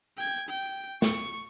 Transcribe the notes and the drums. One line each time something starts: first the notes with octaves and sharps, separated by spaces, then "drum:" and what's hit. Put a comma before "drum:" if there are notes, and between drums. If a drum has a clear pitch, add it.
G5 G#6
G5
C#6, drum: snare